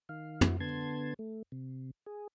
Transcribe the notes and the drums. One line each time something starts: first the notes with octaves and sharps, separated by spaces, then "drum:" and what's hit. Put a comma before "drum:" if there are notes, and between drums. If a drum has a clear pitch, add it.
D#3 F5
E4 F#4, drum: tom
D3 B3 A5 C6 G#6
A3
C3
G#4